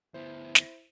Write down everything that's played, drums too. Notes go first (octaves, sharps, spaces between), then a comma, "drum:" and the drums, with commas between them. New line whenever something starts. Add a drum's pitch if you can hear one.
D2 B3 E4 C5
drum: snare